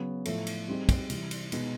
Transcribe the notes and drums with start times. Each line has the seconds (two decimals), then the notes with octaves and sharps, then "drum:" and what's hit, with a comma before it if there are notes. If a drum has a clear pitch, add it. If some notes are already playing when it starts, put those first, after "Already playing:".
Already playing: C#3 F#3 B3
0.25 A2 F3 A3, drum: cymbal
0.47 drum: cymbal
0.68 G3 C4 D#4 G#4
0.89 drum: kick, cymbal
1.10 C3 E3 G3, drum: cymbal
1.31 drum: cymbal
1.52 B2 G#3 B3 D#4, drum: cymbal